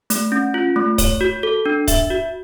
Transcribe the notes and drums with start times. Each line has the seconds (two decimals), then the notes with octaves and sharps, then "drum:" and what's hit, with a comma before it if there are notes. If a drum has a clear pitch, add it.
0.10 A3, drum: hi-hat
0.32 C#4
0.54 F4
0.76 A3
0.98 C#5, drum: kick, hi-hat
1.21 F#4
1.43 A4
1.66 D4
1.88 E5, drum: kick, hi-hat
2.10 F#4